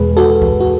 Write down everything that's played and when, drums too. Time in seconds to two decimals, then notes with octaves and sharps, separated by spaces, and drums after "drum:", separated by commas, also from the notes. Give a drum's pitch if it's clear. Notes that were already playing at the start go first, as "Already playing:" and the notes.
Already playing: E2 B2 G#3 G#4 B4
0.17 F#4 A4
0.42 drum: kick C#2
0.60 F#4